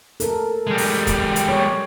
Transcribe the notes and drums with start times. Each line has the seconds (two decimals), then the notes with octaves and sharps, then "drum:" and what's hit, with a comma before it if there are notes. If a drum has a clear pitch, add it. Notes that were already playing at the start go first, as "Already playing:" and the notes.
0.20 A4 A#4, drum: hi-hat
0.67 G3 G#3
0.78 drum: open hi-hat
1.07 drum: kick, hi-hat
1.36 drum: hi-hat
1.49 C#5